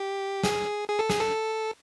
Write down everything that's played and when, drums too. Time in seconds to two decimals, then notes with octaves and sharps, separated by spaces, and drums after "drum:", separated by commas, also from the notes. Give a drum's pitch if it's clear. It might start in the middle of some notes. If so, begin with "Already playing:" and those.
Already playing: G4
0.43 G#4, drum: snare
0.88 G#4
0.99 A4
1.10 G#4, drum: snare
1.20 A4